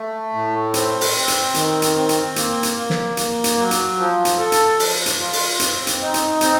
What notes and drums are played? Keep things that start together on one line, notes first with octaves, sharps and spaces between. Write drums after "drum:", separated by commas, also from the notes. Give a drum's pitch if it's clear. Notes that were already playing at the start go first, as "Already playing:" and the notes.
Already playing: A3
A2
C4, drum: hi-hat
drum: open hi-hat
C4
drum: hi-hat
D#3, drum: hi-hat
drum: hi-hat
C4
drum: hi-hat
A#3, drum: hi-hat
drum: hi-hat
A#3
drum: snare
A#3, drum: hi-hat
drum: hi-hat
F#3
drum: hi-hat
F3
drum: hi-hat
A4
drum: hi-hat
F3, drum: open hi-hat
drum: hi-hat
F4
drum: open hi-hat
C4, drum: hi-hat
drum: hi-hat
D#4
drum: hi-hat
C4, drum: hi-hat